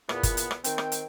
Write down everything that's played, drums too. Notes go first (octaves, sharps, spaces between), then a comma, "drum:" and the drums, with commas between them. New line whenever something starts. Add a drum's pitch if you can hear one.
E2 A#2 B3, drum: rim click
drum: kick G1, hi-hat
drum: hi-hat
drum: rim click
D#3 C4 G5, drum: hi-hat
drum: rim click
drum: hi-hat